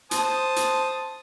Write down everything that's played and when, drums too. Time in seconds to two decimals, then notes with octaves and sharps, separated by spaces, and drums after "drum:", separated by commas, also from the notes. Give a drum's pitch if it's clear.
0.11 C5 A5 D#6, drum: hi-hat
0.56 drum: hi-hat